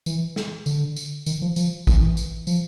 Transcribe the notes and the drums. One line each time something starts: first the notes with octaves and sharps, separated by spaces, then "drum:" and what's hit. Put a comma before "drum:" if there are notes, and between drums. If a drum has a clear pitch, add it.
E3, drum: tambourine
drum: snare
D3, drum: tambourine
drum: tambourine
D#3, drum: tambourine
F3
F3, drum: tambourine
E3, drum: kick, tambourine
drum: tambourine
F3, drum: tambourine